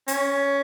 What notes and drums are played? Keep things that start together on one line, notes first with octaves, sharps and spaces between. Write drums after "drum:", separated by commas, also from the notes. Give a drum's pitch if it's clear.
C#4, drum: hi-hat